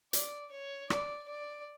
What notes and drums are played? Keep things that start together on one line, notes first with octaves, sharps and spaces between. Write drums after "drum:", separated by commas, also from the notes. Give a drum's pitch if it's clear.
D5, drum: hi-hat
C#5
D5, drum: rim click
D5